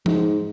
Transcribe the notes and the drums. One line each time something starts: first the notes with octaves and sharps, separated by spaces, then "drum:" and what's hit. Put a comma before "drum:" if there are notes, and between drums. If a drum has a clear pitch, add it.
G#2, drum: tom F3